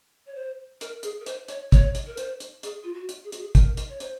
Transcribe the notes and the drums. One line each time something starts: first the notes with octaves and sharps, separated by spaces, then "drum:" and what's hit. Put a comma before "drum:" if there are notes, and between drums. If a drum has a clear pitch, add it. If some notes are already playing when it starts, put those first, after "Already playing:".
C#5
C5
A#4, drum: hi-hat
G#4, drum: hi-hat
A#4
C5, drum: hi-hat
C#5, drum: hi-hat
C#5, drum: kick, hi-hat
drum: hi-hat
A#4
C5, drum: hi-hat
drum: hi-hat
G#4, drum: hi-hat
F4
F#4
drum: hi-hat
G#4
F#4, drum: hi-hat
G#4
A#4, drum: kick, hi-hat
drum: hi-hat
C#5
C5, drum: hi-hat